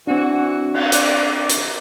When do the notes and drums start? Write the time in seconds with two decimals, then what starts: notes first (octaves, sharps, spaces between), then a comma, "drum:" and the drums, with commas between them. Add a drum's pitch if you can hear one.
0.07 E3 C4 D4 F#4
0.74 drum: cymbal
0.92 D5, drum: hi-hat
1.49 drum: hi-hat